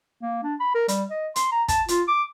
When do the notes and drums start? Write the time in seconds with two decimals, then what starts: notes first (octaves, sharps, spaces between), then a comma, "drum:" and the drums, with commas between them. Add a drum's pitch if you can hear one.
0.22 A#3
0.44 D4
0.60 B5
0.75 A#4
0.88 G3, drum: hi-hat
1.10 D#5
1.36 C6, drum: hi-hat
1.52 A#5
1.68 A5, drum: kick, hi-hat
1.88 F4, drum: hi-hat
2.08 D6